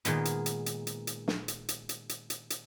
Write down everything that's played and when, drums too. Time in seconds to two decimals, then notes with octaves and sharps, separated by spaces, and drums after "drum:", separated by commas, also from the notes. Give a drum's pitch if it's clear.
0.05 A#2 D#3 G#3 B3, drum: hi-hat
0.25 drum: hi-hat
0.46 drum: hi-hat
0.66 drum: hi-hat
0.87 drum: hi-hat
1.07 drum: hi-hat
1.28 drum: snare
1.48 drum: hi-hat
1.69 drum: hi-hat
1.89 drum: hi-hat
2.09 drum: hi-hat
2.30 drum: hi-hat
2.50 drum: hi-hat